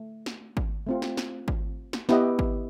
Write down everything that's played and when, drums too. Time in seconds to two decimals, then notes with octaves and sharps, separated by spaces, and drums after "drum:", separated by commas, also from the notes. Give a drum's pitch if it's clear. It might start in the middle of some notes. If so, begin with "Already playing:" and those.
Already playing: A3
0.26 drum: snare
0.57 drum: kick G#1
0.87 A3 C4 F4
1.02 drum: snare
1.17 drum: snare
1.48 drum: kick G#1
1.93 drum: snare
2.09 B3 E4 G4 B4 D#5, drum: snare
2.39 drum: kick G#1